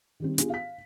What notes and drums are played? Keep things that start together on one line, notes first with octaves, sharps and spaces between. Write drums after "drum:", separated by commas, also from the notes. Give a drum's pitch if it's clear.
D#3 G3 C4
B3 D4 F4 G4 G#4, drum: hi-hat
F5 B6